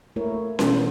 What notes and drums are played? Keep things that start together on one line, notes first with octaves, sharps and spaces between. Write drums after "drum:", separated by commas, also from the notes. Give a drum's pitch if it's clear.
A3 A#3 E4 A#4 C#5
B2 E3 B3 A#4 C5, drum: snare C#4